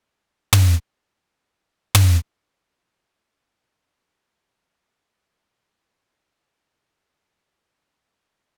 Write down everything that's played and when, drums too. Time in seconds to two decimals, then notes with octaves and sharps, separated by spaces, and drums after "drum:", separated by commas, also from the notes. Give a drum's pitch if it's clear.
0.14 G#2 B2 D4
0.53 drum: tom
1.95 drum: tom
3.00 A#5
3.41 G#4
3.79 A5
4.05 A4
4.31 G5
5.00 D5
6.56 E5 D6
6.78 E4